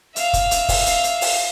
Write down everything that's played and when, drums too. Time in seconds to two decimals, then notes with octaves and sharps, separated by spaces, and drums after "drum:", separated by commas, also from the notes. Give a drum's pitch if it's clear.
0.16 E5 F5, drum: hi-hat
0.33 drum: kick, hi-hat
0.51 drum: hi-hat
0.69 drum: kick, open hi-hat
0.86 drum: hi-hat
1.04 drum: hi-hat
1.21 drum: open hi-hat